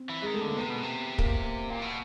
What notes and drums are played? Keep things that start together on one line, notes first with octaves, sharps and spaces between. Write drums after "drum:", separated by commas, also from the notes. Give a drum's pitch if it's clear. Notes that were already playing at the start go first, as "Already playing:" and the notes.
Already playing: C4
E3
D#3 G#3
A3
D3 A#3
C3 B3
B2
C3
A#3, drum: kick
A#2
B2